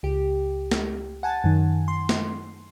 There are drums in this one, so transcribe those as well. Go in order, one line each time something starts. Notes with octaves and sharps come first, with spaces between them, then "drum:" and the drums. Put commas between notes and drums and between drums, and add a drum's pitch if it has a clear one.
C#2 G4
drum: snare
F#5 G#5 A5 A6
F#2 D#3
C6
drum: snare